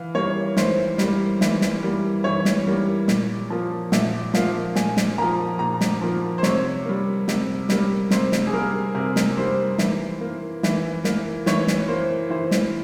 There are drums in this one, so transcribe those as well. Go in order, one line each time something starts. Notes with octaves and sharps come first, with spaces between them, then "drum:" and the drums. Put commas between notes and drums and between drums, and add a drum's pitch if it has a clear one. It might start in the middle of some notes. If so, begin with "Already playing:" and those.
Already playing: E3 F5
G3 A#3 C#5
E3 C5, drum: snare
G3, drum: snare
A#3
E3, drum: snare
drum: snare
G3 A#3
E3 C#5
drum: snare
G3 A#3
A#2, drum: snare
F3 A#3
A#2 E5, drum: snare
F3 A#3 F5, drum: snare
A#2 G#5, drum: snare
drum: snare
F3 A#3 A#5
A#2 A#5
drum: snare
F3 A#3
C5
C3 C#5, drum: snare
G3 A#3
C3, drum: snare
G3 A#3, drum: snare
C3 C5, drum: snare
drum: snare
G#4
G3 A#3 A#4
C3 A#4
drum: snare
G3 A#3 C5
E3, drum: snare
A#3
E3, drum: snare
A#3, drum: snare
E3 C#5, drum: snare
drum: snare
A#3 C5
E3 C5
drum: snare